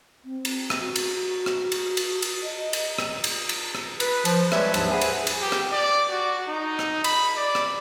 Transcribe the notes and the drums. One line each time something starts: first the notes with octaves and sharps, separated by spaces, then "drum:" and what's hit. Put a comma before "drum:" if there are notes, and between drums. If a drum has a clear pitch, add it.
C4
drum: cymbal
drum: rim click
F#4
drum: cymbal
drum: rim click
drum: cymbal
drum: cymbal
drum: cymbal
D#5
drum: cymbal
drum: rim click
drum: cymbal
drum: cymbal
drum: rim click
B4, drum: cymbal
F3, drum: cymbal
G3 G#3 B4 C#5 E5, drum: rim click
D#2 G#2 F3 F#3 D4, drum: cymbal
G#4 B4 C5 E5 F#5 G#5
drum: cymbal
drum: cymbal
G4
drum: rim click
D5
F#4
D#4
drum: rim click
B5, drum: cymbal
D5
drum: rim click